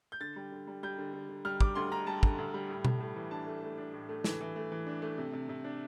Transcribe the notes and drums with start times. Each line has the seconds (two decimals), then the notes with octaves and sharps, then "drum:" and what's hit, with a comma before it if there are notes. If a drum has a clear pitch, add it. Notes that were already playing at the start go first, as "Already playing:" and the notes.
0.12 G6
0.20 D3 A6
0.36 G3
0.52 D3
0.67 G3
0.83 G3 G6
0.98 D3
1.13 D3
1.29 D3
1.45 G3 F6
1.61 G3 D6, drum: kick
1.75 D2 C6
1.92 D3 A#5
2.07 G3 A5
2.23 D3, drum: kick
2.38 D2
2.54 G3
2.69 A2
2.85 A2, drum: tom B2
3.00 A2
3.16 E3
3.31 D4 A5
3.47 A3
3.62 A3
3.78 D4
3.93 A2
4.09 A3
4.24 E3, drum: snare
4.41 E3
4.56 A3
4.72 E3
4.87 D4
5.02 A3
5.18 C3
5.33 C3
5.49 C3
5.64 D4